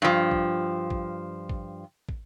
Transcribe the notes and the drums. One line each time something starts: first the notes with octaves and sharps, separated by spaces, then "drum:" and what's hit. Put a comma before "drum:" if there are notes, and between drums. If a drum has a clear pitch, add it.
G2 F3
drum: kick
drum: kick
drum: kick
drum: kick